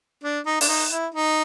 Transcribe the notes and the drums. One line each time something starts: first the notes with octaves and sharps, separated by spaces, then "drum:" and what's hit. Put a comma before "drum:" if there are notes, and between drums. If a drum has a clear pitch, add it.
D4
D#4
D4, drum: open hi-hat
D#4
E4
D#4